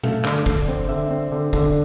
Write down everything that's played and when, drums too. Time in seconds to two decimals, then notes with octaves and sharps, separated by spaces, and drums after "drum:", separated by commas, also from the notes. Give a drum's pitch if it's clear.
0.03 A3 F5, drum: tom A#2
0.25 D3, drum: clap
0.46 D3, drum: kick
0.68 C4
0.89 D3 E5
1.11 C4
1.32 D3
1.53 D3, drum: kick